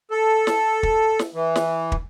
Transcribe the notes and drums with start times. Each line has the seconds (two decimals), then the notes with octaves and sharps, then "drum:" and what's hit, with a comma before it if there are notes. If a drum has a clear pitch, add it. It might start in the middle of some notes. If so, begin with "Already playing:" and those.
0.11 A4
0.47 drum: snare
0.83 drum: kick
1.19 drum: snare
1.34 E3
1.56 drum: snare
1.92 drum: kick